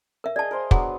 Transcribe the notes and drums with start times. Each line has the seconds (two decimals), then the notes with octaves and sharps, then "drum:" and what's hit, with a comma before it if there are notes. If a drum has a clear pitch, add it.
0.24 A#4 E5
0.36 G#4 D5 D#5 A5
0.51 A#4 C5 G#5
0.71 F#3 B3 D4 G#4, drum: kick